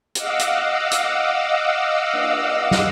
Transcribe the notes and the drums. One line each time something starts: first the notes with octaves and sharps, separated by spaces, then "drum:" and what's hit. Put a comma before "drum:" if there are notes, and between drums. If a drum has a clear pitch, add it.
D#5 F5 F#5 D6 E6, drum: hi-hat
drum: hi-hat
drum: hi-hat
drum: cymbal
drum: snare